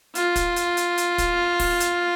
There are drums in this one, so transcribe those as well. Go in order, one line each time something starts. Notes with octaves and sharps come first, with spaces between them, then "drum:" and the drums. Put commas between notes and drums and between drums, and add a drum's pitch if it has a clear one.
F4, drum: hi-hat
drum: kick, hi-hat
drum: hi-hat
drum: hi-hat
drum: hi-hat
drum: kick, hi-hat
drum: kick, open hi-hat
drum: hi-hat